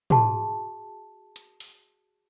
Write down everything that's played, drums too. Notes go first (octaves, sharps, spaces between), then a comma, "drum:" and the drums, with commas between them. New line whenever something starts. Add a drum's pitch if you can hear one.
F#4 G#4 A5, drum: tom
drum: hi-hat
drum: open hi-hat